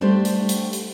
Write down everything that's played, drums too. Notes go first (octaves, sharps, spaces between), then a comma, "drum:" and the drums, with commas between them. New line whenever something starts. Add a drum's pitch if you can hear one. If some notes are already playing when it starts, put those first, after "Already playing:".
G3 A3 D4 G4 C5
drum: hi-hat
drum: hi-hat
drum: hi-hat